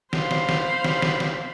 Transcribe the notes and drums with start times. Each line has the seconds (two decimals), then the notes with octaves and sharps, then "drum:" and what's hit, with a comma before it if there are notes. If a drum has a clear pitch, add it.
0.13 C5 F5 B5, drum: snare
0.31 drum: snare
0.49 drum: snare
0.84 drum: snare
1.02 drum: snare
1.20 drum: snare